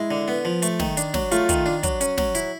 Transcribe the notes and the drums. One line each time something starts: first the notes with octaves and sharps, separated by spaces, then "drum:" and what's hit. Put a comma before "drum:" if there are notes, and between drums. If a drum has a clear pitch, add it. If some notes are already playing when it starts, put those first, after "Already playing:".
Already playing: G#3 E4
D3
B3
F3
A3, drum: hi-hat
D#3, drum: snare
D4, drum: hi-hat
F#3, drum: snare
A3 F4, drum: hi-hat
D#3, drum: kick, hi-hat
D4
F#3, drum: kick, hi-hat
C#4, drum: hi-hat
F#3, drum: snare
E4, drum: hi-hat